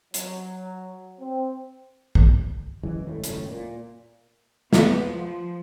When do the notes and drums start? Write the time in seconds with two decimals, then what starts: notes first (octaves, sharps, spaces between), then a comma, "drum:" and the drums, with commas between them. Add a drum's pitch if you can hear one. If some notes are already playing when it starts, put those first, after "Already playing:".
0.14 F#3, drum: hi-hat
1.19 C4
2.15 drum: kick
2.83 D1 F#2 E3 G#3
3.04 G#1 A2
3.24 D#1 C#2 F#2 A2, drum: hi-hat
3.49 A#2
4.73 B3, drum: snare
5.04 F3